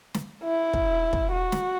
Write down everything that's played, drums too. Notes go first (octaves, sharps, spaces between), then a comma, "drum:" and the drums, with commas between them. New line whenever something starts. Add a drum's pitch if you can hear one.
drum: snare
E4
drum: kick
drum: kick
F#4
drum: snare